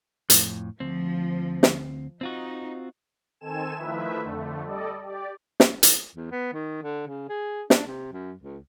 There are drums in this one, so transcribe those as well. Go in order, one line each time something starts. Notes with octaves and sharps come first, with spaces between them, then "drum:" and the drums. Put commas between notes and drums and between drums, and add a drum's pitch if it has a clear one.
F2 A2, drum: hi-hat
D2 F3 C4
drum: snare
C4 D#4 F4 F#4
D#3 C4 A4 G#5 E7
D#3 F3 A3 E4 B4 E5
F2 D3 A3
G3 A4 D5 D#5
G4 D5
drum: snare
drum: hi-hat
E2
B3
D#3
D3
C#3
G#4
D4, drum: snare
C3
F#2
C#2